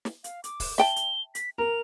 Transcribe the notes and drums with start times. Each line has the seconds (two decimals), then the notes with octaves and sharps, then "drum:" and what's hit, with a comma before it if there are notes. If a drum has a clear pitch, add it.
0.05 drum: snare
0.24 F5, drum: hi-hat
0.44 D6, drum: hi-hat
0.60 drum: kick, open hi-hat
0.78 E5 G5 A5 G7, drum: snare
0.96 drum: hi-hat
1.35 B6, drum: hi-hat
1.58 A#4 F7